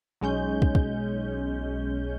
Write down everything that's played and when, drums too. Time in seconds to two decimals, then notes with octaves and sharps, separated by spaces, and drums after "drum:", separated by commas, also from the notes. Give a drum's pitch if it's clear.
0.21 B1 G#3 C#4 G6
0.62 drum: kick
0.75 drum: kick